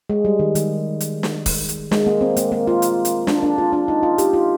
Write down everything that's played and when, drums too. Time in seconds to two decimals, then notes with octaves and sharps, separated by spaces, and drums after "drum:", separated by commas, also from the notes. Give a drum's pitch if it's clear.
0.10 G#3
0.25 G3
0.40 D#3
0.55 D#3, drum: hi-hat
1.00 drum: hi-hat
1.23 drum: snare
1.46 drum: kick, open hi-hat
1.69 drum: hi-hat
1.92 G#3, drum: snare
2.07 A#3
2.21 C4
2.37 A#3, drum: hi-hat
2.52 A#3
2.67 F4
2.82 drum: hi-hat
3.05 drum: hi-hat
3.27 D4, drum: snare
3.43 D4
3.58 F4
3.73 D4
3.88 D#4
4.03 F4
4.18 G4, drum: hi-hat
4.33 F4